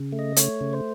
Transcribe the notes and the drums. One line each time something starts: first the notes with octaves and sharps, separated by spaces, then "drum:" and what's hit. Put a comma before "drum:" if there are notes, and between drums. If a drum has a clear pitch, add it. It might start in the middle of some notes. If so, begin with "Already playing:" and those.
Already playing: C#3
A3
D#5
A3 C#5, drum: hi-hat
C#3
C5